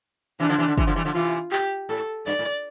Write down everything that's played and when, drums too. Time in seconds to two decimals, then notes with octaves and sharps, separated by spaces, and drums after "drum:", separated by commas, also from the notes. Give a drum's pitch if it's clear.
0.40 C3 E3 D4
0.49 D3 F3
0.59 C3 E3
0.68 D3
0.77 C3 E3, drum: kick
0.87 D3 F3
0.96 E3 G3
1.05 D3 F3
1.14 C3 E3 F4
1.52 G4, drum: clap
1.89 A2 A4
2.27 G2 D5
2.39 A2